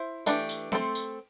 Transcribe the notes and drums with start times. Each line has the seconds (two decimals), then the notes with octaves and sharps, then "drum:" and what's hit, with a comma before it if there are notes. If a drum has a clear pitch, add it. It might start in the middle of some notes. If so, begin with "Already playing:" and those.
Already playing: E4 C5
0.26 E3 A3 D4 G4, drum: tambourine
0.49 drum: tambourine
0.72 A3 C4 A4 C5, drum: snare
0.95 drum: tambourine